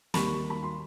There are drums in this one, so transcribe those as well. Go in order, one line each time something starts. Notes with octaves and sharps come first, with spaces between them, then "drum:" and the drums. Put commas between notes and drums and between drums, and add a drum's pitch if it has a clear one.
D#2 D#3 G3 A#3 B5 C#6, drum: snare
B5
C6